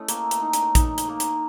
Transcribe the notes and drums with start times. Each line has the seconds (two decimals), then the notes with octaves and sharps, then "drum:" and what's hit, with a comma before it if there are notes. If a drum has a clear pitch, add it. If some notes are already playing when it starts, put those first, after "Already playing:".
Already playing: A3 C#4 E4 D#5
0.08 A#3, drum: hi-hat
0.31 drum: hi-hat
0.42 D#4
0.53 drum: hi-hat
0.75 D#4, drum: kick, hi-hat
0.98 drum: hi-hat
1.09 A#3
1.20 drum: hi-hat